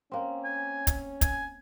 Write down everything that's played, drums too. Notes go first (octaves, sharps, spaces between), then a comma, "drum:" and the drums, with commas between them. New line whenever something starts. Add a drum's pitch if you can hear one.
A#3 C4 C#4
G#5
drum: kick, hi-hat
G#5, drum: kick, hi-hat